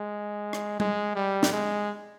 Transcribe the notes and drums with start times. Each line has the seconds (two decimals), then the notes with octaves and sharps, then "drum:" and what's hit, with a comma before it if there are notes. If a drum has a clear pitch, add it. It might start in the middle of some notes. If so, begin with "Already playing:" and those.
Already playing: G#3
0.53 drum: rim click
0.80 G#3, drum: tom G3
1.16 G3
1.43 drum: snare
1.53 G#3